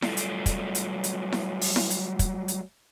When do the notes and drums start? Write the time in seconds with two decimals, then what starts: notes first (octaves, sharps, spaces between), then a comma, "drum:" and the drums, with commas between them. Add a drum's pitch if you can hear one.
0.02 F#3 G3 A3 E4 F4 A4, drum: snare E4
0.17 drum: hi-hat
0.46 drum: kick, hi-hat
0.75 drum: hi-hat
1.04 drum: hi-hat
1.32 drum: snare E4
1.61 drum: open hi-hat
1.76 drum: snare E4
1.90 drum: hi-hat
2.19 drum: kick, hi-hat
2.48 drum: hi-hat